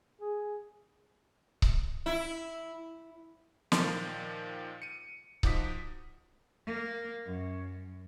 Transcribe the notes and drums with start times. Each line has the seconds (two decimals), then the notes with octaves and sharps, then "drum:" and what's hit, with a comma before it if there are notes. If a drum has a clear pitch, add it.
0.21 G#4
1.62 drum: kick C#1
2.06 E4
3.72 A#2 D#3 F3, drum: snare
4.82 C#7 D#7
5.43 F3 D#4 F#4 D6 D#6 B6, drum: kick C#1
6.66 A#3
7.26 F#2